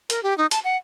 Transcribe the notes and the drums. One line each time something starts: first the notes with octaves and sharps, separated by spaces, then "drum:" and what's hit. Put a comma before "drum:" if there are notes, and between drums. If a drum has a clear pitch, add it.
A#4, drum: hi-hat
G4
D#4
A5, drum: hi-hat
F#5